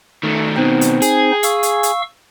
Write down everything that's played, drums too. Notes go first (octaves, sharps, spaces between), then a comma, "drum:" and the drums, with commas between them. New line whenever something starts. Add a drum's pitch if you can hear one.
D#3 A3
B2 D#3 C4 D#4 C5
drum: hi-hat
G#4, drum: hi-hat
F5 C#6 E6, drum: hi-hat
drum: hi-hat
drum: hi-hat